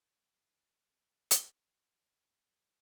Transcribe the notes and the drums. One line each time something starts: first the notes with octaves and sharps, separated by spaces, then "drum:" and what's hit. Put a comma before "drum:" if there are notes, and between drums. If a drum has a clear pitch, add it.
C4 D#4 C#5
drum: hi-hat